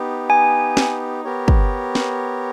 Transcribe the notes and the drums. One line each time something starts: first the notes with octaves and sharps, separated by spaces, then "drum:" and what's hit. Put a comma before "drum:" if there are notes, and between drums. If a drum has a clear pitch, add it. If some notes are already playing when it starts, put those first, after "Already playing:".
Already playing: B3 D#4 G4
G#5
drum: snare
B3 G4 A#4 C#5
drum: kick
drum: snare